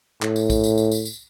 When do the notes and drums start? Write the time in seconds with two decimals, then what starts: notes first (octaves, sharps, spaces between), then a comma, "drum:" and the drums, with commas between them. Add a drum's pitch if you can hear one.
0.22 A2, drum: clap
0.36 drum: tambourine
0.50 drum: kick A#1, tambourine
0.64 drum: tambourine
0.78 drum: tambourine
0.92 drum: tambourine
1.05 drum: tambourine